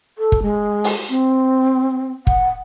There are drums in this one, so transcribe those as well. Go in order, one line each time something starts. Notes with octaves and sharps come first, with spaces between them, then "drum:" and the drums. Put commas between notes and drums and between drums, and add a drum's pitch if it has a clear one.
A4
drum: kick
G#3
drum: open hi-hat
C4
F#5, drum: kick